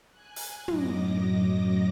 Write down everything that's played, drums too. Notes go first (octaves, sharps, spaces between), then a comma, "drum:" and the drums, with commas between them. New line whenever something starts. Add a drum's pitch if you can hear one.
G#5 F#6
drum: open hi-hat
F#2 A2 F#3 D#5 D6 A#6, drum: tom